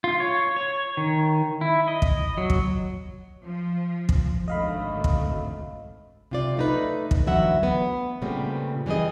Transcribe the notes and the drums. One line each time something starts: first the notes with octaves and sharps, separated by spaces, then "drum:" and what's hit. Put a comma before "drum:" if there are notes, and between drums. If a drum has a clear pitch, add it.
F4
C#5
C#5
D#3
E4
D#5
drum: kick
F#3
drum: kick
F3
drum: kick
G#1 D2 A3 D#5 F5 B5
drum: kick
C3 F4 D5
A3 D#4 B4
drum: kick
D2 E3 F#3 E5 F#5
B3
A#2 C#3 G3 A3 B3 C4
E3 G3 G4 G#4 D#5